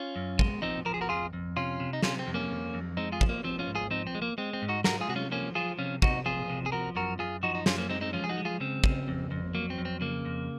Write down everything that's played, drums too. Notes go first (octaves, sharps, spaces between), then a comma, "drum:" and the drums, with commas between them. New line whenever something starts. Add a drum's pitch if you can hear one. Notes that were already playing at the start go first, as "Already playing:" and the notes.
Already playing: C#4 F4
F#2
G#3, drum: kick
F3 C4 D#4
F3 A#4
G#4
F#4 A#4
F2 F4 G#4
F2
C3 C#4 F4
C3
D#4
C3 C#4 F4, drum: snare
C4
F2
A#3 C#4
F2
F2
G#3 C4 D#4
F4 G#4
F3, drum: kick
A#3
F3 C4
C#4 F4
G#2
F4 G#4
F3 C4 D#4
C4
G#3
A#3
G#3 C4
C4
G#2
D#4 F#4
G#3 F#4 A#4, drum: snare
F4 G#4
C3 F#4
C#4 F4
F3 A#3 C#4
F3 F4 G#4
C3 C#4 F4
C3 D#4 F#4, drum: kick
F3 F4 G#4
C3
G#4
F3 F#4 A#4
F#2 F#4 A#4
F#2 F4 G#4
F3 D#4 F#4
D#4
F#2 C#4 F4, drum: snare
A#3 C#4
G#3 C4 D#4
C4 D#4
F3 C#4 F4
G#4
D#4 F#4
G#3
F4 G#4
C#3 C4
C#3, drum: kick
F2
F2
F#3 A#3
C4
F2
C4
C#3 A#3
F2